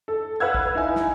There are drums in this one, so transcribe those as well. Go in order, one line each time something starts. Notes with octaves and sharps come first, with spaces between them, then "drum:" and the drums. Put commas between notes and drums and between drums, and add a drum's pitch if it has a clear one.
A4
B4 F5 F#5 E6 F6 G#6
drum: kick
D#4 E4 G#5
drum: snare